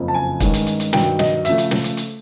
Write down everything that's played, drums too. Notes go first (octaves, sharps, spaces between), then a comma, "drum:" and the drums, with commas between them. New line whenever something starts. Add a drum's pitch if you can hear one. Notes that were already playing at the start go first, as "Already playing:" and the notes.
Already playing: F#1 F2 C#3
A5
G#5
G2 D#3 G#3 C#4, drum: kick, hi-hat
drum: hi-hat
drum: hi-hat
drum: hi-hat
G2 D#3 F#3 G5, drum: snare
D#5, drum: snare
C#3 F3 A3 E5, drum: hi-hat
drum: hi-hat
drum: snare
drum: hi-hat
drum: hi-hat